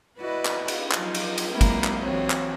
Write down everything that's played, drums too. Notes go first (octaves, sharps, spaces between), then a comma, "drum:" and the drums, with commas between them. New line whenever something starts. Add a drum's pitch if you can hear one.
E4 F#4 B4 D5 D#5
drum: clap
drum: cymbal
F3 F#3 D#4, drum: clap
drum: cymbal
drum: cymbal
F#3 G#3 A#3 C4 E4
drum: kick, cymbal
drum: clap
E3 F#3 C4 C#5
drum: clap